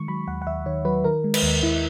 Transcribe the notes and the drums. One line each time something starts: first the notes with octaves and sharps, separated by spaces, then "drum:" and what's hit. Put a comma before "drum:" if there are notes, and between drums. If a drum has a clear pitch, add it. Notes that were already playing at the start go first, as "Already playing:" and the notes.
Already playing: D#3 G#3 C#6
F#3 B5
D#2 F#5
F#5
D#2 E5
D#3 C#5
F#3 B4
D#3 A#4
G#3
B4, drum: cymbal
D#2
D#2 E4